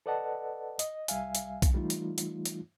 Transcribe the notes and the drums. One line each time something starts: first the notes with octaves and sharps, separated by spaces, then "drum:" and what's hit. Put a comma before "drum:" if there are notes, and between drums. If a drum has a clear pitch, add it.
A4 B4 D5 D#5 F#5 A5
D#5, drum: hi-hat
C2 G3 E5 F5 G#5, drum: hi-hat
drum: hi-hat
drum: kick B1, hi-hat
E3 G3 A3 D#4 F4
drum: hi-hat
drum: hi-hat
drum: hi-hat